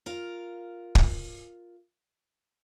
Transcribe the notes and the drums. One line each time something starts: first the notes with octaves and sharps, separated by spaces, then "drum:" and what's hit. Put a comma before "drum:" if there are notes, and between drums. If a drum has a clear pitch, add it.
F4 A#4 F5
drum: kick